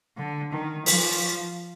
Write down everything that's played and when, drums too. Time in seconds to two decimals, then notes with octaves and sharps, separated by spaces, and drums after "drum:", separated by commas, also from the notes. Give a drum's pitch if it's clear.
0.17 D3
0.52 D#3
0.86 F3, drum: open hi-hat